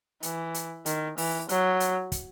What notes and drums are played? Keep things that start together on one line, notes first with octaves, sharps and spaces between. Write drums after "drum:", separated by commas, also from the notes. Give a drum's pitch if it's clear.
E3, drum: hi-hat
drum: hi-hat
D#3, drum: hi-hat
E3, drum: open hi-hat
F#3, drum: hi-hat
drum: hi-hat
drum: kick, hi-hat